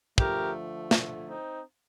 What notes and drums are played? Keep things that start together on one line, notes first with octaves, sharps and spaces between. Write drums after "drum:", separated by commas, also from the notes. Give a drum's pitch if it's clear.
D3 F3 A3 G4 A#4, drum: kick
drum: snare
C4 D#4